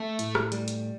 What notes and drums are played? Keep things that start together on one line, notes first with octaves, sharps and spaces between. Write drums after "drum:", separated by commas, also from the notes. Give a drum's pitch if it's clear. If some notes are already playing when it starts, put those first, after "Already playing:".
Already playing: A3
A2, drum: hi-hat
drum: rim click
G3, drum: hi-hat
drum: hi-hat